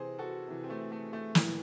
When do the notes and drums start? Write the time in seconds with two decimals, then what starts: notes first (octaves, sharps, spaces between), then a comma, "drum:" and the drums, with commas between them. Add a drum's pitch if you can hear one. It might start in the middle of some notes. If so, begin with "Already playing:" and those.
Already playing: C3 E3 G#4 C5
0.19 F#4 A4
0.48 C3 E3
0.64 C4
0.70 A3
0.92 A3
1.13 A3
1.35 A2 E3, drum: snare